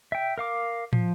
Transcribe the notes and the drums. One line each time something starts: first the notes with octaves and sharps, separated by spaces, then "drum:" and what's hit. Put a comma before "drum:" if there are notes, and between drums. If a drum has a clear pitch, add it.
E5 G5
A#4 F5 D6
F3, drum: tom